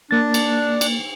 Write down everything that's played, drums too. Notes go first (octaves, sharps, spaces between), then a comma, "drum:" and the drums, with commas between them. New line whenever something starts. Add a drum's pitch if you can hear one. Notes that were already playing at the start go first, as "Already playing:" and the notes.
A#3 D4 A6
drum: cymbal
drum: cymbal